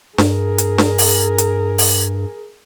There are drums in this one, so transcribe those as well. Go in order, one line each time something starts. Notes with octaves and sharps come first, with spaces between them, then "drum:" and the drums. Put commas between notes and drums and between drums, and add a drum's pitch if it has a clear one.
G2 G#4 A#4, drum: snare D4
drum: hi-hat
drum: snare D4
drum: open hi-hat
drum: hi-hat
drum: open hi-hat